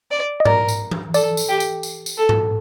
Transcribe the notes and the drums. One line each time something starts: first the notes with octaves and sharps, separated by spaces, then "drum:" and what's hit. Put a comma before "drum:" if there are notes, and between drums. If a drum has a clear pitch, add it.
D5
D#5
A#4 D5, drum: tom G#2
drum: tambourine
drum: tom E3
A4 D5, drum: tambourine
drum: tambourine
G4
drum: tambourine
drum: tambourine
drum: tambourine
A4
drum: tom G#2